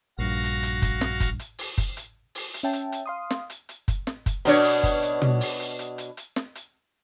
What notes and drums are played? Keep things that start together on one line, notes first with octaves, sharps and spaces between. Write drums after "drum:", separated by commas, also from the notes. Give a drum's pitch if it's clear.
A#1 G2 F#4 F5 A#6
drum: hi-hat
drum: hi-hat
drum: kick F#1, hi-hat
drum: snare
drum: kick F#1, hi-hat
drum: hi-hat
drum: open hi-hat
drum: kick F#1, hi-hat
drum: hi-hat
drum: open hi-hat
drum: hi-hat
C#4 E5 G5 A5
drum: hi-hat
drum: hi-hat
F5 C6 D#6
drum: snare
drum: hi-hat
drum: hi-hat
drum: kick F#1, hi-hat
drum: snare
drum: kick F#1, hi-hat
B2 D4 C#5, drum: hi-hat
drum: open hi-hat
drum: kick F#1, hi-hat
drum: hi-hat
drum: tom
drum: open hi-hat
drum: hi-hat
drum: hi-hat
drum: hi-hat
drum: hi-hat
drum: snare
drum: hi-hat